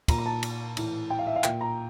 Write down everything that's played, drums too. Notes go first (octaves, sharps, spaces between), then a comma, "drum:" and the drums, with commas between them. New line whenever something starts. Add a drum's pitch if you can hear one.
A#2 A#5, drum: kick, cymbal
A#5
A5
drum: cymbal
A2 E3, drum: cymbal
G5
F5
E5
F5
A#2 G5, drum: clap
A#5